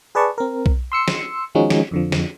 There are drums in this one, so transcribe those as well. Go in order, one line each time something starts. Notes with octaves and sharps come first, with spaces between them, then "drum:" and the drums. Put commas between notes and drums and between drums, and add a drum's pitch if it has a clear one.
G#4 B4 D5 A5 C#6
C4 A#4
drum: kick B1
C6 E6 C#7
drum: snare
D#3 F3 G#3 C#4 D#4 F#4
drum: snare
F2 D3 F3
drum: snare